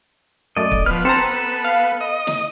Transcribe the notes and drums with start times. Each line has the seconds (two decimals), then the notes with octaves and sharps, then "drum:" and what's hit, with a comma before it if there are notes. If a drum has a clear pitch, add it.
0.57 F#2 A3 D5 D#5
0.72 drum: kick
0.86 F3 B3 F6
1.05 C4 A4 C5 A5 A#5
1.64 F5
2.01 D#5
2.27 drum: snare